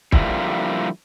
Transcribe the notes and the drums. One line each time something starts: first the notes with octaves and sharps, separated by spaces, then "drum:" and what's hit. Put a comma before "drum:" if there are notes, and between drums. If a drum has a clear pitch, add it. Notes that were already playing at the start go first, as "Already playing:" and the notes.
D3 F3 G3 A#3 E4, drum: kick